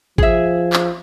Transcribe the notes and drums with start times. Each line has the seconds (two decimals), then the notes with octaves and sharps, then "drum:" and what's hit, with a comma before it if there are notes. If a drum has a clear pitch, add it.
0.18 F3 G#4 E5, drum: kick G#1
0.73 drum: clap